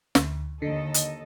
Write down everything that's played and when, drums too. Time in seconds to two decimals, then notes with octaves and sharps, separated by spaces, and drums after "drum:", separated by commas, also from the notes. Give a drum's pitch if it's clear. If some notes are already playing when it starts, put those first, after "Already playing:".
0.15 D2, drum: snare
0.62 D#2 D3 A4 D#5
0.94 drum: hi-hat